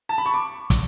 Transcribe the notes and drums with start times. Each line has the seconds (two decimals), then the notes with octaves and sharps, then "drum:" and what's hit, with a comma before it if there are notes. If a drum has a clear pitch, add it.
0.09 A5
0.18 B5
0.26 C#6
0.34 D6
0.70 drum: kick, hi-hat